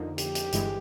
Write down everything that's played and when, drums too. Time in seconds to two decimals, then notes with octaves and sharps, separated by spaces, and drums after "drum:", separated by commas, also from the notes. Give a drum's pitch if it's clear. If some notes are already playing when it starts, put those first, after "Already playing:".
Already playing: F2 D3 F3 A#3 D#4
0.18 G4, drum: hi-hat
0.35 drum: hi-hat
0.52 G1 G2 E3 G#3, drum: hi-hat